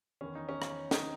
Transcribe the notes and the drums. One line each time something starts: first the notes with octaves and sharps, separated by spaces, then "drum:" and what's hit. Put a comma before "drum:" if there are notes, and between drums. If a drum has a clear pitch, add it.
E2 D#3 C#4
D#4
C#4
drum: rim click
D#3 D#4, drum: snare